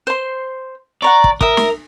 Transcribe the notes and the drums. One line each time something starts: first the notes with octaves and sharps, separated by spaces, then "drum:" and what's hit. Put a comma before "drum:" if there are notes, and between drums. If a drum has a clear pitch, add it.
C5 C6
D5 F#5 A#5 C#6
drum: kick
A#4 E5 D#6, drum: kick
drum: snare